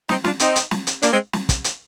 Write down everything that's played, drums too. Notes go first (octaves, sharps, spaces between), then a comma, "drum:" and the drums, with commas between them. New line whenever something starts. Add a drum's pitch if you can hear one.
C4 D#4, drum: snare
D4 F4, drum: snare
C4 D#4, drum: hi-hat
drum: hi-hat
drum: snare
drum: hi-hat
A#3 D4, drum: hi-hat
G#3 C4
drum: snare
drum: kick, hi-hat
drum: hi-hat